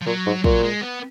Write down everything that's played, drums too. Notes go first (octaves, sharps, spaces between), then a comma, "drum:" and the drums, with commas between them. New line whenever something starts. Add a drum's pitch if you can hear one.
F3
A#2 F#3
G#2
A#2 F#3, drum: kick
G#3
B3